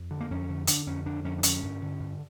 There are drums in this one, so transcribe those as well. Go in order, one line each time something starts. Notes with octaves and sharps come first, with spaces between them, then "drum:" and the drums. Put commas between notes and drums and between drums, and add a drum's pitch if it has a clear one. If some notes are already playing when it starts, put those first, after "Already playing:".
Already playing: F2
D3
A#3
F2 C#4
D3
D3 D4, drum: hi-hat
F2 C#4
D3 D4
F2 C#4
D4
D3 C#4, drum: hi-hat
G2
D3
G2